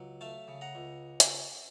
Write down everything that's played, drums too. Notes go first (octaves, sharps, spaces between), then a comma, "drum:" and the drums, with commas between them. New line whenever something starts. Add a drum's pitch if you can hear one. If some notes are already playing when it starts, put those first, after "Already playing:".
Already playing: C#2 F#3
A3 F5 A5
C#3
F#5 A#5
C#2
drum: hi-hat